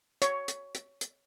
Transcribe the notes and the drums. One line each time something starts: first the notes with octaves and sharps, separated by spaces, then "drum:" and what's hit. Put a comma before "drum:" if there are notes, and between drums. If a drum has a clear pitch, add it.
C#5, drum: hi-hat
drum: hi-hat
drum: hi-hat
drum: hi-hat